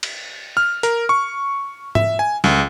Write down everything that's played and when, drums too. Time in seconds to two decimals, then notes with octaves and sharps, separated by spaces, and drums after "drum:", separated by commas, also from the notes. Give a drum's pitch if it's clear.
0.03 drum: cymbal
0.57 F6
0.83 A#4, drum: hi-hat
1.09 C#6
1.95 E5, drum: tom G#2
2.19 G#5
2.44 C#2, drum: snare